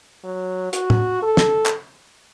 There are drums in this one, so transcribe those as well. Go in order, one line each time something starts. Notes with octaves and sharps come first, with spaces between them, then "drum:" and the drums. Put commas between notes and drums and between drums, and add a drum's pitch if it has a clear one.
F#3
F#4, drum: hi-hat
drum: tom A2
A4
drum: snare
drum: clap